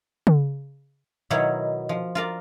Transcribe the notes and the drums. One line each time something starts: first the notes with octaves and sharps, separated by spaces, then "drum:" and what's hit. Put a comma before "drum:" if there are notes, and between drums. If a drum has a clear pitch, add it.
drum: tom C#3
B2 D#3 F#3 E4 C#5 B5
F3
F4 A#4 D5